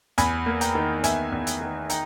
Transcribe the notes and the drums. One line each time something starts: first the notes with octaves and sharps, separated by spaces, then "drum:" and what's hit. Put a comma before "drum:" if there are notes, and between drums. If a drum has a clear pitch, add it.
E2 G#5 B5, drum: hi-hat
A#3
G5 A#5, drum: hi-hat
D#3
E2 E5 G#5, drum: hi-hat
E2
drum: hi-hat
D#3
D#4 G5 A#5, drum: hi-hat